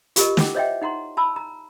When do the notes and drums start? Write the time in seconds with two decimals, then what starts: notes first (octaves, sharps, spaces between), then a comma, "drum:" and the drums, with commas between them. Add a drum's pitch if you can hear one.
0.16 F4 G4 A#4 D#5, drum: hi-hat
0.37 E4 F#5 G5 D6, drum: snare
0.55 C5 C#5 D#5 E5 F#5 G5
0.82 D#4 F#5 A#5 C6
1.17 A5 B5 E6
1.36 A#5